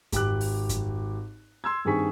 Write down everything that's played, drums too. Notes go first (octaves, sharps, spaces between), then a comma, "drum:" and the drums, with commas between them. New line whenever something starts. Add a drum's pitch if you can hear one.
G#1 G4 D6 F#6, drum: kick F#2, hi-hat
drum: open hi-hat
drum: kick F#2, hi-hat
C6 E6 G#6
G2 D#3 C4 G#4 C#6 B6